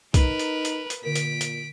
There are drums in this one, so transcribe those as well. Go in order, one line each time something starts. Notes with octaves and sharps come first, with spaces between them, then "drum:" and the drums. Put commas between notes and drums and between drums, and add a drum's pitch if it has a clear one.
D#4 A#4 B4, drum: kick, hi-hat
drum: hi-hat
drum: hi-hat
drum: hi-hat
A#2 D3 A#4 B6 D7
drum: hi-hat
drum: hi-hat